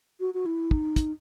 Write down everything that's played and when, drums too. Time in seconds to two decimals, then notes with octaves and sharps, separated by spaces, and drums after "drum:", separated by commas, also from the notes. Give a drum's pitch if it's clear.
0.20 F#4
0.34 F#4
0.46 E4
0.71 D#4, drum: kick
0.96 drum: kick, hi-hat